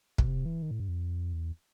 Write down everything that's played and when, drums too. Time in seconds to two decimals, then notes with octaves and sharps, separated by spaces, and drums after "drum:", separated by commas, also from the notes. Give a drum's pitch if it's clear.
0.18 B2, drum: kick
0.27 C3
0.45 E3
0.62 D#3
0.71 A2
0.80 G2
0.88 F2
1.33 E2